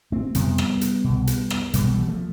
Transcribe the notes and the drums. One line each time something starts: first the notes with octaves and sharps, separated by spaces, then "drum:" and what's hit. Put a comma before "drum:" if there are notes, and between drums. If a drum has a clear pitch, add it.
A3 C4
F2 C3 G3 B3, drum: hi-hat
drum: rim click
drum: hi-hat
C2 B2
drum: hi-hat
drum: rim click
C2 B2 G3 B3, drum: hi-hat
E3 G3
F3 A3